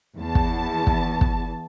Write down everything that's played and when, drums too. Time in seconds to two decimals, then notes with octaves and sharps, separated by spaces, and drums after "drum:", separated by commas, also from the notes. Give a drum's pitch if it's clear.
0.18 E2 A5
0.35 drum: kick
0.87 drum: kick
1.21 drum: kick